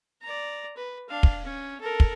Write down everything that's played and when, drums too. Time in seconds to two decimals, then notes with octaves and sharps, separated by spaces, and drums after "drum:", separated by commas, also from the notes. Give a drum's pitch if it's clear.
0.23 D5 A#5
0.77 B4
1.09 D4 F5
1.23 drum: kick
1.45 C#4
1.81 A4 A#4
2.00 drum: kick